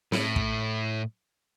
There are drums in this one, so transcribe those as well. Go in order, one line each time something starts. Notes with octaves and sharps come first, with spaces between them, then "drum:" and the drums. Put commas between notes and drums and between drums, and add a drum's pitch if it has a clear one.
A2, drum: snare
drum: kick